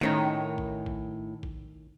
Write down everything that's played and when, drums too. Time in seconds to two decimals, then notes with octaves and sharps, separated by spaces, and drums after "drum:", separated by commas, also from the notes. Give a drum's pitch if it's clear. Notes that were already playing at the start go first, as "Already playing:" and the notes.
0.01 A2 D#3 C#4 D#4
0.58 drum: kick A1
0.86 drum: kick A1
1.43 drum: kick A1